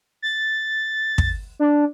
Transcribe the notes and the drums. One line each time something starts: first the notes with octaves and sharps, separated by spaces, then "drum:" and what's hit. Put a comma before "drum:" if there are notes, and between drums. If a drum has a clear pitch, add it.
A6
drum: kick
D4